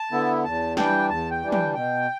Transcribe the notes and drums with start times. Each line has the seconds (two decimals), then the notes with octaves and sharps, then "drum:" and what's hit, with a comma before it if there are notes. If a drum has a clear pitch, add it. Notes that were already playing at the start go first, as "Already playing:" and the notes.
Already playing: A5
0.12 D3 B3 E4
0.44 E2 A5
0.77 E3 G3 D4 G5, drum: snare
1.09 E2 A5
1.31 G5
1.42 E3 G3 D4
1.52 G5, drum: tom
1.74 B2 G5